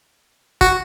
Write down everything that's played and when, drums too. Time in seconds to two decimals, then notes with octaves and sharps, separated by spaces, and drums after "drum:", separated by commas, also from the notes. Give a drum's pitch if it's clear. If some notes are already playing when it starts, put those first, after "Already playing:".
0.61 F#4, drum: kick